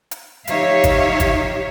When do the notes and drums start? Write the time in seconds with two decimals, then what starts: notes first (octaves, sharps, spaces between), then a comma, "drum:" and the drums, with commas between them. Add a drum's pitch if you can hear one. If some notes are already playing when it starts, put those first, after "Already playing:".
0.11 drum: hi-hat
0.47 F3 D#4 G4 C#5 E5 F5, drum: hi-hat
0.84 drum: kick, hi-hat
1.20 drum: kick, hi-hat